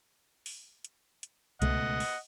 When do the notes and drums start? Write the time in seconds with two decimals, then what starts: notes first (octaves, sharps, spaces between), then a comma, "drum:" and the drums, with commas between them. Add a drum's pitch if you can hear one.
0.46 drum: open hi-hat
0.84 drum: hi-hat
1.23 drum: hi-hat
1.62 C#2 B2 A3 D#5 F#5, drum: kick C2, hi-hat
2.00 drum: open hi-hat